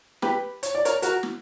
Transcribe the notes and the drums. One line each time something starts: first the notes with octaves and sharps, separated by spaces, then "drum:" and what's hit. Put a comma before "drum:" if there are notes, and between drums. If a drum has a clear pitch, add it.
G4 B4, drum: snare
C#5, drum: hi-hat
D5
A#4 C#5, drum: hi-hat
F#4 A#4, drum: hi-hat
drum: snare